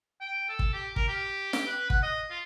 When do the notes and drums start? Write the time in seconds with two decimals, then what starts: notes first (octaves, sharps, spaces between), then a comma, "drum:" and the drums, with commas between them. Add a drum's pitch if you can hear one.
0.21 G5
0.49 A4
0.59 drum: kick
0.73 G4
0.96 A#4, drum: kick
1.08 G4
1.53 G4, drum: snare
1.67 B4
1.90 F#5, drum: kick
2.03 D#5
2.30 F4